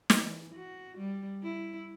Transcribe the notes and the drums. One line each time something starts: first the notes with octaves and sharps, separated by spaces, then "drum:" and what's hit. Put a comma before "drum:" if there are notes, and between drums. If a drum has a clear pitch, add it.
drum: snare
E3
F#4
G3
E4